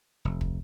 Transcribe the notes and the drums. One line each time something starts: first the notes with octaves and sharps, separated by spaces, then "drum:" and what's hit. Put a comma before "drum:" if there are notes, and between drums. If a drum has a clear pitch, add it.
F1
drum: kick